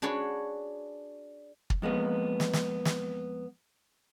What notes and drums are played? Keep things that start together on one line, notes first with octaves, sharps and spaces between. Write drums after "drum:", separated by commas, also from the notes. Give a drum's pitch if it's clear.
D4 F#4 G#4 B4 C#5 D5
drum: kick
F2 G#3 A#3 B3
drum: snare
drum: snare
drum: snare